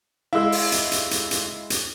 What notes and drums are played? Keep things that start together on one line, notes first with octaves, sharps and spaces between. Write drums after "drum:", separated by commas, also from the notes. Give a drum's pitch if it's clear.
G#3 E4 F5 E6
drum: open hi-hat
drum: hi-hat
drum: hi-hat
drum: hi-hat
drum: hi-hat
drum: hi-hat